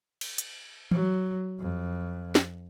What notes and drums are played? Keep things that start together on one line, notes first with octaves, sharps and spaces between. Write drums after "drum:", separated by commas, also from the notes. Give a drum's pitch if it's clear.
drum: cymbal
drum: hi-hat
F#3, drum: tom E3
F2
drum: snare